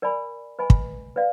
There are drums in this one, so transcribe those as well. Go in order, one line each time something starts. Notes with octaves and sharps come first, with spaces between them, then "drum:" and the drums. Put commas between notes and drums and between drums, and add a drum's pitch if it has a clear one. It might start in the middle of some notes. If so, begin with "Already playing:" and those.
A#4 D5 G#5 B5
B4 D#5 G#5 B5
drum: kick
B4 D5 F5